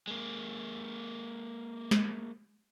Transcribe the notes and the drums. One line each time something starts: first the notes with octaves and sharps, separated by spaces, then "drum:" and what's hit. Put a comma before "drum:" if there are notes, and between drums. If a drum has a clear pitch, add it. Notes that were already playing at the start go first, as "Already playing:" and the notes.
G#3 A#3
drum: snare